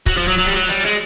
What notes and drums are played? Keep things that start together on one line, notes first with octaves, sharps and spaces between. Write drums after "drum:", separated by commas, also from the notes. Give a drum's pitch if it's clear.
F#3, drum: kick C#1, hi-hat
F3
F#3
F#3
G3
F#3
G3, drum: hi-hat
G#3